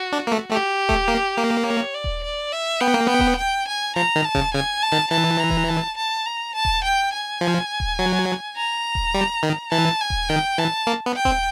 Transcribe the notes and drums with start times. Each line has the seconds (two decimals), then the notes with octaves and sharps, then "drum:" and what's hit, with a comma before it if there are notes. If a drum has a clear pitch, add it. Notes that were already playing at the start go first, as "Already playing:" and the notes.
Already playing: F#4
0.12 D4
0.27 A#3
0.32 A3
0.51 A3 G4
0.89 A3, drum: kick D#1
1.08 A#3
1.37 A#3
1.65 C#5
1.94 D5
2.04 drum: kick D#1
2.24 D5
2.52 E5
2.80 B3 G5
2.94 A#3
3.08 B3 G5
3.19 drum: kick D#1
3.38 G5
3.68 G#5
3.96 F3 A#5
4.16 D#3
4.24 A5
4.35 C#3, drum: kick D#1
4.54 C#3 G#5
4.83 A5
4.92 D#3
5.11 E3 A5
5.39 A#5
5.50 drum: kick D#1
5.68 A5
5.97 A5
6.26 A#5
6.55 A5
6.65 drum: kick D#1
6.84 G5
7.13 G#5
7.41 F3
7.80 drum: kick D#1
7.99 F#3
8.56 A#5
8.95 drum: kick D#1
9.14 G3
9.43 D#3
9.71 E3 A5
10.01 G#5
10.10 drum: kick D#1
10.29 D#3 G5
10.58 E3 A5
10.87 A#3
11.06 B3
11.16 G5
11.25 C4, drum: kick D#1